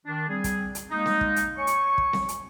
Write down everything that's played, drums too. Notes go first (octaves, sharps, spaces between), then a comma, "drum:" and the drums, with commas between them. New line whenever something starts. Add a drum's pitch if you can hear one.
D#3 D4
G3 C4 G#4
drum: kick, hi-hat
drum: hi-hat
G#3 A#3 D#4
drum: snare C4
drum: kick
drum: hi-hat
C#5 G#5 C#6
drum: hi-hat
drum: kick
drum: snare C4
drum: hi-hat